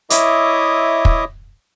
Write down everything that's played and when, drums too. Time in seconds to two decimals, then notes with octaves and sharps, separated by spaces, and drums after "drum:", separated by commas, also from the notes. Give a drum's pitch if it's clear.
0.10 E4 C#5 D#5 E5 D6 D#6, drum: hi-hat
1.05 drum: kick